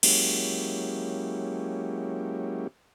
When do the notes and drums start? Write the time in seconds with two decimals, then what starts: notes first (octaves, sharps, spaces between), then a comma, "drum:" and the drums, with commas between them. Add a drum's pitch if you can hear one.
0.03 F#3 G#3 A#3 C#4 E4 G4, drum: cymbal